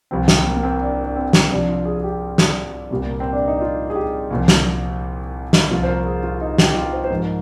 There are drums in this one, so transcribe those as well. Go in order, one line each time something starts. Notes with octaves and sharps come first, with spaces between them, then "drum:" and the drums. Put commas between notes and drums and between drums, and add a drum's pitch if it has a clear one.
C2 C3 F3 C4
C4, drum: snare
A#3
A#3
C4
D4
D4
C4
drum: snare
C2 C3 F3 D4
F4
G#4
G#4
G4
drum: snare
C2 A#2 G3
A#3
C4
D4
D#4
F4
G#4
G4
C2 A#2 F3
drum: snare
drum: snare
C2 A#2 F3 F4
C5
A#4
G#4
F4
D#4
G4, drum: snare
G4
F4
C5
C5
G#2 F3 A#4